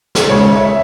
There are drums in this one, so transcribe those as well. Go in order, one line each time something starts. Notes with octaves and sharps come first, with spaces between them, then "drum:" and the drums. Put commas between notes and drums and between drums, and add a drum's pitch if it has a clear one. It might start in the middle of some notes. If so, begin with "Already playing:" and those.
drum: snare
C#2 C#3 G#3 C#5
C#5
E5
E5